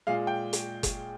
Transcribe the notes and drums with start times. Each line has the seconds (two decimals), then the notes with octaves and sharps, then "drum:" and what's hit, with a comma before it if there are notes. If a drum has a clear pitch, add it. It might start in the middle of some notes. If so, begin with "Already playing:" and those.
0.07 A#2 G#3 F5
0.27 G5
0.53 drum: hi-hat
0.83 drum: kick F#1, hi-hat